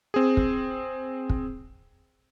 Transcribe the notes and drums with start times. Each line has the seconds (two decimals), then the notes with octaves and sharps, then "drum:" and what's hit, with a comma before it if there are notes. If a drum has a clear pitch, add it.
0.14 C4 G#4
0.37 drum: kick
1.30 drum: kick